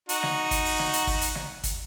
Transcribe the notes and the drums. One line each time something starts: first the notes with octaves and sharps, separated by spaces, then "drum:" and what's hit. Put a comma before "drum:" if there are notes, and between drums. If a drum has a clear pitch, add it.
D#4 F#4, drum: hi-hat
drum: snare
drum: kick, hi-hat
drum: open hi-hat
drum: snare
drum: hi-hat
drum: kick, open hi-hat
drum: hi-hat
drum: snare
drum: kick, hi-hat